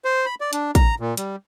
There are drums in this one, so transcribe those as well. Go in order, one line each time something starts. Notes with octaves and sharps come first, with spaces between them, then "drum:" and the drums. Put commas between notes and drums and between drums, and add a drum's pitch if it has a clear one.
C5
B5
D5
D4, drum: hi-hat
A#5, drum: kick, hi-hat
A#2
G3, drum: hi-hat